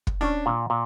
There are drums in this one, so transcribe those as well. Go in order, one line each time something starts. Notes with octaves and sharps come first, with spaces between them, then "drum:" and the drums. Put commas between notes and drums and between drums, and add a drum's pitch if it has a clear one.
drum: kick
C#4 D4
A#2
A#2